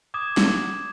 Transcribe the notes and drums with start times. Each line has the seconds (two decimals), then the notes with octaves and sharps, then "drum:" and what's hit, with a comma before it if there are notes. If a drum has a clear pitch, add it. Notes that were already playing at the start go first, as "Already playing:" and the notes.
0.14 D6 D#6 G#6 E7
0.37 drum: snare